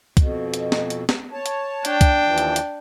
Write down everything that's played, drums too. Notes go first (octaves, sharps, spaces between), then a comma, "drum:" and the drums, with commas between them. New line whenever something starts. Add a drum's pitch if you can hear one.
F2 B2, drum: kick C2, hi-hat
drum: hi-hat
drum: snare
drum: hi-hat
drum: snare
C#5 A5
drum: hi-hat
D4 G5, drum: hi-hat
drum: kick C2, hi-hat
D#2 E3 F3
drum: hi-hat
drum: hi-hat